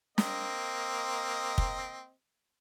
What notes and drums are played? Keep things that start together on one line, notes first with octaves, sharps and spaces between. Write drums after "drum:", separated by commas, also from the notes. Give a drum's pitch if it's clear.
A#3 C4 D#5, drum: snare
drum: kick